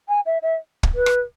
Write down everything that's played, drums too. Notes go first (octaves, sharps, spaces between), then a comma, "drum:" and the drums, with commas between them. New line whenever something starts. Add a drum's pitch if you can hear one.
G#5
E5
E5
drum: kick
B4
drum: rim click